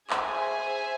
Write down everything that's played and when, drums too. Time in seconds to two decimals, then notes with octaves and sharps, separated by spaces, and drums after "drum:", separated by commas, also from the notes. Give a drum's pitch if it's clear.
0.10 G#4 C5 E5 G#5, drum: clap